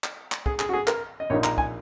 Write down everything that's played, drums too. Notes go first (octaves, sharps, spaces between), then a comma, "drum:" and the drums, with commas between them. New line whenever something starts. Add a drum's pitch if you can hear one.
drum: clap
drum: clap
G#4, drum: kick
G#4, drum: clap
F#4
G#4
A#4, drum: clap
D#5
A#1 A#2 A#3 D#4 C#5
A#5, drum: clap
G#5, drum: kick